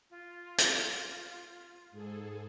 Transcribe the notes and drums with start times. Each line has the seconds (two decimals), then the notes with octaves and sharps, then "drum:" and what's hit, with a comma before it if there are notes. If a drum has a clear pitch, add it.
0.10 F4
0.58 drum: hi-hat
1.91 G#2 G#4 A4